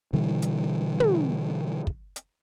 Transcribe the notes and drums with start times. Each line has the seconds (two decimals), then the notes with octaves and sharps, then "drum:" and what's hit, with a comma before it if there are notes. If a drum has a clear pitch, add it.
0.13 B2 D3 E3 G3
0.42 drum: hi-hat
1.00 drum: tom
1.87 drum: kick
2.16 drum: hi-hat